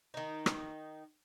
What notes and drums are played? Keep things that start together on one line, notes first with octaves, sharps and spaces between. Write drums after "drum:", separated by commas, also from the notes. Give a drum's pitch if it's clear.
D#3 D#4
drum: rim click